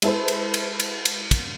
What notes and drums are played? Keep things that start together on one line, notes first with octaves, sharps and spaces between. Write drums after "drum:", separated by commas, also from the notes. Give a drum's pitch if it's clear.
G#3 E4 A4 B4 C5, drum: cymbal
drum: cymbal
drum: cymbal
drum: cymbal
drum: cymbal
drum: kick, cymbal